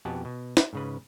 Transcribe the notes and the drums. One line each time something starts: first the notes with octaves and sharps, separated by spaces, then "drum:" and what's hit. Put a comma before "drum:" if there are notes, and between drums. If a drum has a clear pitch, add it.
F2 B2 G4 F#5 G#5 A5
B2
drum: snare
G#2 C#3 B4